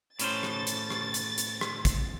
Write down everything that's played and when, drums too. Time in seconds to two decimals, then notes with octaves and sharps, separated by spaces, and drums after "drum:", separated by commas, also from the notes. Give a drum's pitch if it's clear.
0.19 A2 C#4 C5 A6, drum: hi-hat
0.43 drum: rim click
0.67 drum: hi-hat
0.90 drum: rim click
1.14 drum: hi-hat
1.38 drum: hi-hat
1.61 drum: rim click
1.85 drum: kick, hi-hat